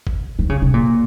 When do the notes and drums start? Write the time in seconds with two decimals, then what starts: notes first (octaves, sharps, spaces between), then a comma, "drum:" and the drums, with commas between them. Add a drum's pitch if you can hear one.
0.07 drum: kick G#1
0.39 D#3
0.49 C#3
0.62 C3
0.74 A#2